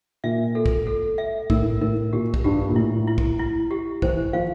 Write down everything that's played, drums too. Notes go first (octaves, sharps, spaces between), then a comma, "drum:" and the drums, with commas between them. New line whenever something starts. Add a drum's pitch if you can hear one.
A#2 E5
A4
drum: kick
A4
E5
A2 A#4, drum: kick
A2 A#4
A#2 G4
drum: kick
G2 G4
A#2
A2 E4
E4
drum: kick
E4
G4
E3 C5, drum: kick
F3 F5